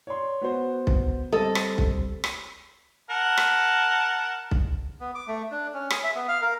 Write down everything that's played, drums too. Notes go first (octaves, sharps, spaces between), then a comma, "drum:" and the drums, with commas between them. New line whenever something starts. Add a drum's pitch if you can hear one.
C#5 D5 C6
B3 F#4 C5
drum: kick B1
G3 C4 A4 D#5
drum: rim click
drum: kick B1
drum: rim click
A#4 F#5 A5
drum: rim click
drum: kick B1
B3
D6
A3
D4
C#4
G#4, drum: rim click
E5
B3
F5
A#4